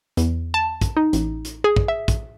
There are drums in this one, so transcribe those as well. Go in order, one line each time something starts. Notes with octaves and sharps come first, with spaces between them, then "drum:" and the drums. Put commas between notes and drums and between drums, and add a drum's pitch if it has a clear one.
E2, drum: hi-hat
A5
drum: kick, hi-hat
D#4
A1, drum: hi-hat
drum: hi-hat
G#4
drum: kick
E5
drum: kick, hi-hat